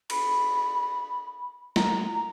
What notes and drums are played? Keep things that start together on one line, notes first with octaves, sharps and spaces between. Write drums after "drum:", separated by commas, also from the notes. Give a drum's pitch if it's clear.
B5, drum: cymbal
A#5, drum: snare